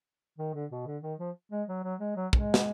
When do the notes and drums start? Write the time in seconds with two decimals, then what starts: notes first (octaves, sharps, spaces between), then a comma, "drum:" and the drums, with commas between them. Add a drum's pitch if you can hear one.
0.38 D#3
0.54 D3
0.71 B2
0.86 D3
1.03 D#3
1.19 F3
1.52 G#3
1.68 F#3
1.84 F#3
2.00 G#3
2.16 F#3
2.33 G#3, drum: kick
2.54 drum: snare